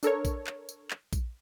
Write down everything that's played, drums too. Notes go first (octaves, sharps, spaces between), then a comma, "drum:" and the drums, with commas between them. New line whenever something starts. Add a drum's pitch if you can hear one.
D4 A4 A#4 C#5, drum: tambourine
drum: kick A#1, tambourine
drum: clap
drum: tambourine
drum: clap
drum: kick A#1, tambourine